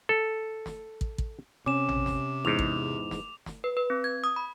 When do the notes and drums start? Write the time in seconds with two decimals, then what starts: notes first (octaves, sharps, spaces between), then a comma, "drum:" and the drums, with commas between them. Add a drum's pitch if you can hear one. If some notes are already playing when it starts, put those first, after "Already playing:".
0.09 A4
0.66 drum: snare
1.01 drum: kick
1.18 drum: kick
1.66 C3 C#4 D6 E7
1.89 drum: tom A1
2.06 drum: snare
2.45 E2 G#2 F7
2.59 drum: kick
3.11 drum: snare
3.46 drum: snare
3.64 B4
3.77 B4
3.90 C4
4.04 G#6
4.24 D#6
4.36 B5